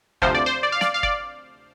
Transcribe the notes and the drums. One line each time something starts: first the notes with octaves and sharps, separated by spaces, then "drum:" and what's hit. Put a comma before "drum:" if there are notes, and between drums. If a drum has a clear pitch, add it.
D2 C3 F3 C5, drum: kick
D5
C5
D5
F5
D5, drum: snare
F5
D5, drum: kick